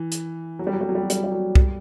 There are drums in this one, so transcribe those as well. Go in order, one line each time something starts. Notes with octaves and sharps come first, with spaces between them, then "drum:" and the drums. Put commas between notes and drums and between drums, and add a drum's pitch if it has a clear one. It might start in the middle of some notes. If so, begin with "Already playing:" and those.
Already playing: E3
drum: hi-hat
F#3
G3
F#3
G3
F#3
G3
F#3
G3, drum: hi-hat
F#3
G3
F#3
G3, drum: kick C2